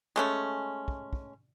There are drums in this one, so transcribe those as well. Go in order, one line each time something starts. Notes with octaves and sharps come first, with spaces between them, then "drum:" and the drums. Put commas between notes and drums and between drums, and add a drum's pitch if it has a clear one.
G#3 A3 C#4
drum: kick
drum: kick